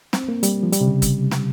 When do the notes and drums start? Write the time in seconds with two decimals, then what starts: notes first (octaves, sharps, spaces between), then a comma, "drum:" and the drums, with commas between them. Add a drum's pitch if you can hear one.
0.13 C4, drum: snare
0.29 A#3
0.43 G3, drum: hi-hat
0.63 F3
0.72 G3, drum: hi-hat
0.81 C3
0.87 C#3
1.02 drum: kick, hi-hat
1.31 drum: snare